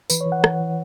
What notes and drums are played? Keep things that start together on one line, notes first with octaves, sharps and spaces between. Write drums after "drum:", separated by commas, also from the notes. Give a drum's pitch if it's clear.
E3 B4, drum: tambourine
C#5
E3
F#5
E3, drum: rim click
E3